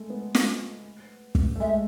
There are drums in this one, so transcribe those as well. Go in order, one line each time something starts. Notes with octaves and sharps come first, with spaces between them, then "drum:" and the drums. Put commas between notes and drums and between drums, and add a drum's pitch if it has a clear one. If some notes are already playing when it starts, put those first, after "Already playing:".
Already playing: G#3 A3
B3
drum: snare
drum: kick
A3
G#3 E5